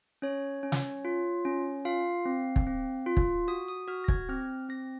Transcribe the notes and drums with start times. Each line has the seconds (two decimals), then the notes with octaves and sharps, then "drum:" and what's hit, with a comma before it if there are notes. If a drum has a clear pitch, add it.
0.22 C#4 C#5
0.63 C#4
0.72 drum: snare
1.05 F4
1.45 C#4
1.85 F4 F5
2.25 C4
2.56 drum: kick
2.67 C4
3.06 F4
3.17 drum: kick
3.48 F#4 D#6
3.68 D#6
3.88 F#4 F6
4.04 A#6
4.08 G#6, drum: kick
4.29 C4 F6
4.69 C4 A#6